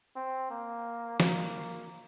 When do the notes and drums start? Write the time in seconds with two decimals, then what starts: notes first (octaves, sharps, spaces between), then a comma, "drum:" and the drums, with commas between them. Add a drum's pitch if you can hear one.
0.16 C4
0.51 A#3
1.20 A#3, drum: snare